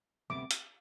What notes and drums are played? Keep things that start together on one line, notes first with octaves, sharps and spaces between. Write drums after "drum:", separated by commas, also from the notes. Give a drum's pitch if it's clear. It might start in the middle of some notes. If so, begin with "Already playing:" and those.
D2 C3 G3 B3 D6
drum: hi-hat